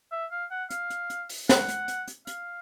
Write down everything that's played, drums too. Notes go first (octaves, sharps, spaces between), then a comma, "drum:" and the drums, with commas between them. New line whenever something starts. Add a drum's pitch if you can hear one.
E5
F5
F#5
F5, drum: hi-hat
drum: hi-hat
drum: hi-hat
drum: open hi-hat
F#5, drum: snare
drum: hi-hat
drum: hi-hat
drum: hi-hat
F5, drum: hi-hat